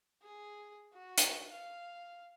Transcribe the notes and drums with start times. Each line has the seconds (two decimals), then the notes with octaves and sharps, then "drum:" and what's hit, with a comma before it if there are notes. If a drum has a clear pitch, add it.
0.23 G#4
0.94 F#4
1.18 drum: hi-hat
1.48 F5